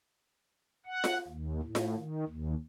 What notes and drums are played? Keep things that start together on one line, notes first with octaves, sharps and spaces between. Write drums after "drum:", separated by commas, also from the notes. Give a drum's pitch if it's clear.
F#5
drum: snare F4
D#2
A2
drum: snare F4
D#3
D#2